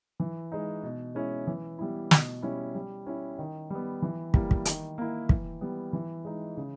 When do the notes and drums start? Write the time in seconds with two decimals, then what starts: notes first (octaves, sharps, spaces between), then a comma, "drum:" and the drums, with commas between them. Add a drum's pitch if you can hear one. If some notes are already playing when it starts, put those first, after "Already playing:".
0.20 E3
0.52 G#3 D#4
0.83 B2
1.15 G#3 C#4 E4
1.47 E3
1.79 G3 B3 E4
2.11 B2, drum: snare
2.43 G3 C#4 E4
2.75 G3
3.07 C#4 E4
3.39 D#3
3.70 G3 B3
4.02 E3
4.34 G3 A#3 E4, drum: kick
4.51 drum: kick
4.65 D#3, drum: hi-hat
4.98 A#3 E4
5.29 E3, drum: kick
5.61 G3 B3
5.93 E3
6.25 G#3 D#4
6.57 C#3